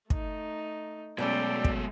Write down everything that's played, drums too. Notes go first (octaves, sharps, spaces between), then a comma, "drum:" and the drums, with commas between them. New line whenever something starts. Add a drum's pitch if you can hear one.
A3 D#4, drum: kick
B2 F#3 G#3 A3 C#4 D5 G5
drum: kick